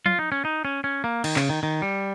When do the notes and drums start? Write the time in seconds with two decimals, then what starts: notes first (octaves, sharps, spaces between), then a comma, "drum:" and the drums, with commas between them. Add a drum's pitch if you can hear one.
0.06 F4, drum: tom F3
0.19 D#4
0.32 C#4
0.45 D#4
0.65 C#4
0.84 C#4
1.04 A#3
1.24 D#3, drum: cymbal
1.36 C#3, drum: clap
1.49 D#3
1.63 D#3
1.82 G3